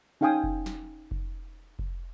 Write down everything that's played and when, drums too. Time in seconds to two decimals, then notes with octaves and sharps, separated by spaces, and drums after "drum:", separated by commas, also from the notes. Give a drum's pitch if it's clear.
0.21 C#4 D#4 F5 G5 G#5 D#6
0.44 drum: kick F1
0.66 drum: snare
1.11 drum: kick F1
1.79 drum: kick F1